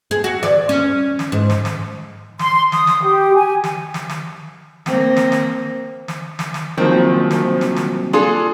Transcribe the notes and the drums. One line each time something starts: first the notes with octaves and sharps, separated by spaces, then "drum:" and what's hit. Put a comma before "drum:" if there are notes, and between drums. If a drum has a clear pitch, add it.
G#4
F#4
D5, drum: snare
C#4
drum: snare
G#2
drum: snare
drum: snare
C6, drum: snare
D#6, drum: snare
drum: snare
G4
G#5
drum: snare
drum: snare
drum: snare
A#3 C4, drum: snare
drum: snare
drum: snare
drum: snare
drum: snare
drum: snare
C2 A#2 D#3 F3 F#3 C4
drum: snare
drum: snare
drum: snare
D4 F4 G#4 A4 C6